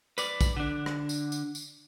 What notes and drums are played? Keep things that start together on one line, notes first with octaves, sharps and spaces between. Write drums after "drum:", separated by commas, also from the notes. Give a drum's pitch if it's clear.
B4 D5, drum: tambourine
drum: kick A#1, tambourine
D3 D4
drum: rim click
drum: tambourine
drum: tambourine
drum: tambourine